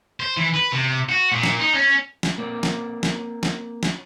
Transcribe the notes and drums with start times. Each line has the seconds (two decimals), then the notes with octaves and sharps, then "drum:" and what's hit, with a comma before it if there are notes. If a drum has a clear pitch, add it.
0.20 C5
0.37 E3
0.54 B4
0.72 C3
1.09 F#4
1.32 A#2
1.43 drum: snare
1.60 D#4
1.74 C#4
2.23 drum: snare
2.38 A#3 C4 D5
2.63 drum: snare
3.03 drum: snare
3.43 drum: snare
3.83 drum: snare